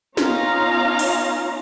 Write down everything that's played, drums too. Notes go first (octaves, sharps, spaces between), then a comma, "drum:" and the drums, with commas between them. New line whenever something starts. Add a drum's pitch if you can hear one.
B3 C#4 D#4 F4 F5 A#5, drum: snare
drum: cymbal